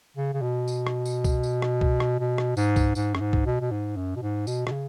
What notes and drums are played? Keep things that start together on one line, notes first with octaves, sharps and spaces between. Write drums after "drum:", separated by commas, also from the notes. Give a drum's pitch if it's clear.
C#3
C#3
B2
drum: tambourine
drum: rim click
drum: tambourine
drum: kick C2, tambourine
drum: tambourine
drum: rim click
drum: kick C2
drum: rim click
B2
drum: rim click
G#2, drum: tambourine
drum: kick C2, tambourine
G#2, drum: tambourine
F#2, drum: rim click
G#2
drum: kick C2
B2
B2
G#2
F#2
B2
G#2
B2, drum: tambourine
B2, drum: rim click
C#3